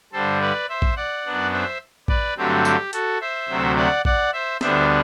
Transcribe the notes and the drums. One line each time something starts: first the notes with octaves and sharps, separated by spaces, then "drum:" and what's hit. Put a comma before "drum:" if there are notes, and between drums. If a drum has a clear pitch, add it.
G2 D3 G3 A4 C5
B4 D5
C5 E5
drum: kick A1
D5 F#5
F#2 F#3 B3 D4
C5 E5
B4 D5, drum: kick A1
G2 D3 F#3 A3 C4 G4
G4, drum: tambourine
F#4 A4, drum: hi-hat
C5 E5
D2 C3 F#3 A3
D5 F#5
D5 F#5, drum: kick A1
C5 E5
D2 D3 G3 B3 D4 C5 E5, drum: snare